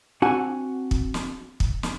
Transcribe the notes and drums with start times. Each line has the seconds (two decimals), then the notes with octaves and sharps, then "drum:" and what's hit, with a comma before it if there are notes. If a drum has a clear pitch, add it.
0.22 C4 D4 F#4 F#5 G#5
0.91 drum: kick
1.14 drum: snare
1.60 drum: kick
1.83 drum: snare